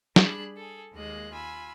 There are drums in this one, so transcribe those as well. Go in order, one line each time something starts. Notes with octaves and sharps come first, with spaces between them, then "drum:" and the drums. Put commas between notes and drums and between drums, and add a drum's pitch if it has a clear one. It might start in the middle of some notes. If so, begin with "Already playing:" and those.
G3 D4 G#4 B5 F#6, drum: snare
G#4 A4
D#2 G#3 A#3 D#5 F#6
F4 G#5 B5 E6